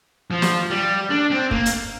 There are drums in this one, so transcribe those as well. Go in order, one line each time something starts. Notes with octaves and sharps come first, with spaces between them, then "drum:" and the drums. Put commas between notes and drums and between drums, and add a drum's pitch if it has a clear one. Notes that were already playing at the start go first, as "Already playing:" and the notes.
F3
drum: snare
G3
D4
C4
A#3, drum: kick
drum: hi-hat